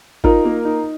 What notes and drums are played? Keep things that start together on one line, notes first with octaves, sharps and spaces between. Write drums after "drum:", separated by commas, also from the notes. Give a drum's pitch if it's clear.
D#4 F4 A#4, drum: kick
A#3
D#4